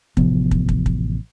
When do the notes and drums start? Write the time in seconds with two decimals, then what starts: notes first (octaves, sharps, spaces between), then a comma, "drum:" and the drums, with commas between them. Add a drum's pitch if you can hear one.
0.17 A1 C3 F3 B3, drum: kick
0.51 drum: kick
0.69 drum: kick
0.86 drum: kick